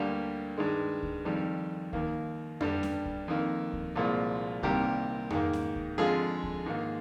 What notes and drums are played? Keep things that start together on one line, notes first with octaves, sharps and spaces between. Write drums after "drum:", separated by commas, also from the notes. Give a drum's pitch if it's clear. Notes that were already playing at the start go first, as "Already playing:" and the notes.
Already playing: D2 D3 G3 A#3
G2 D#3 G#3
drum: kick C#2
F2 D#3 G3
D#2 D#3 A#3, drum: kick C#2
G2 D3 G3, drum: tom F2
drum: snare C#4
drum: kick C#2
F2 D#3 A#3
drum: kick C#2
C2 A#2 F3 G#3
C2 C3 D#3 G3 A#3 G4 A#4, drum: kick C#2
G#2 D#3 A#3, drum: tom F2
drum: snare C#4
drum: kick C#2
F2 D3 G#3 F4 G#4
drum: kick C#2
G#2 D#3 A#3